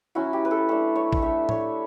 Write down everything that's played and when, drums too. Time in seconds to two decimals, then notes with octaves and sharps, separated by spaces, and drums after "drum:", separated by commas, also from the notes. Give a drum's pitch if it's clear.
0.15 F#3 C#4 E4 F#4
0.33 G4
0.45 B4
0.51 A4
0.69 A3 D4 A4
0.96 C#5
1.13 drum: kick
1.22 A3 D4 E5
1.49 C#5, drum: tom A2